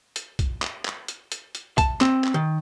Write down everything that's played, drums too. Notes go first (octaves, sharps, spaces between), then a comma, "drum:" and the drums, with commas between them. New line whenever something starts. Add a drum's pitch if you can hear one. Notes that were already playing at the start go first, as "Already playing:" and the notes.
drum: hi-hat
drum: kick, hi-hat
drum: clap
drum: clap
drum: hi-hat
drum: hi-hat
drum: hi-hat
A5, drum: kick, hi-hat
C4, drum: clap
drum: clap
D#3